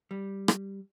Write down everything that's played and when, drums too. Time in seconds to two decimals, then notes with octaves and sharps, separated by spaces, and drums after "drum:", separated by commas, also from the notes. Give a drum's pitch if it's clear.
0.11 G3
0.48 drum: rim click